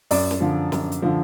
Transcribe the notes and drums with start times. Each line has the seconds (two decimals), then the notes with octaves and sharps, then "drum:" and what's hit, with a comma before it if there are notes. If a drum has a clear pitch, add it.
0.11 F#2 D5, drum: open hi-hat
0.31 drum: snare
0.41 D3 F3
0.72 F#2, drum: snare
0.92 drum: hi-hat
1.02 D3 F3